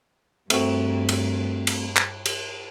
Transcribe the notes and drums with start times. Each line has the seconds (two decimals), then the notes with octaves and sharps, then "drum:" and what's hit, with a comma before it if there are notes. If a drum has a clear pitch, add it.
0.50 G2 A3 C4 F#4, drum: cymbal
1.09 drum: cymbal
1.67 drum: cymbal
1.96 drum: clap
2.26 drum: cymbal